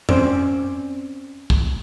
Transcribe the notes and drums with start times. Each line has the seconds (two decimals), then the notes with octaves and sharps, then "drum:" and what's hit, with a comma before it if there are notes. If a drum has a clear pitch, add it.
0.09 C4 C#4 C5 D5, drum: tom F2
1.50 drum: kick